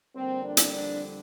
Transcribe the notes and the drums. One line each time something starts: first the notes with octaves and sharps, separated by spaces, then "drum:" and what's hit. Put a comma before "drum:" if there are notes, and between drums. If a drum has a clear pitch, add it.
F2 D3 G3 A#3 C4
D4
drum: hi-hat
D4